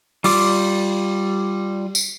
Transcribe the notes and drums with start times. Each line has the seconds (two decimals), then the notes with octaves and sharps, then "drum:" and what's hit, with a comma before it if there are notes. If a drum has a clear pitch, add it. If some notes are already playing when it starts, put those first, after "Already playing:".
0.24 G3 F4 D6, drum: open hi-hat
1.95 drum: tambourine